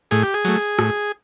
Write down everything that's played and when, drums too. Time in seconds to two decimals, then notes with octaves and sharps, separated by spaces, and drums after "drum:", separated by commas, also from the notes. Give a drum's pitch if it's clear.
0.11 A2 G#4, drum: open hi-hat
0.23 G4
0.34 G#4
0.45 F#3 A3, drum: open hi-hat
0.79 A2, drum: rim click